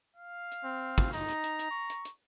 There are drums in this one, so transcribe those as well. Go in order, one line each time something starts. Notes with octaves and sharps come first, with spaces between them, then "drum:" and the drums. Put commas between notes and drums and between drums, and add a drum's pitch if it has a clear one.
F5
drum: hi-hat
C4
drum: kick, hi-hat
D#4 A#5, drum: hi-hat
drum: hi-hat
drum: hi-hat
drum: hi-hat
C#6
drum: hi-hat
drum: hi-hat